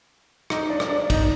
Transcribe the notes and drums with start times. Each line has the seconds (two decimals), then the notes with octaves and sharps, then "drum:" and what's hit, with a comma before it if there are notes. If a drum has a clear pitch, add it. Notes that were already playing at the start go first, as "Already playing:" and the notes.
0.50 D#4, drum: rim click
0.70 D4
0.80 drum: rim click
0.89 D4
1.10 D#4, drum: kick, cymbal